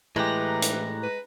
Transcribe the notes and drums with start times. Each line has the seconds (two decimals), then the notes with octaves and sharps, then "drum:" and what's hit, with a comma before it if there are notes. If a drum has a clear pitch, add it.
0.16 A2 E3 G#3 G4 A#5 F#6 A#6
0.62 drum: hi-hat
1.03 B4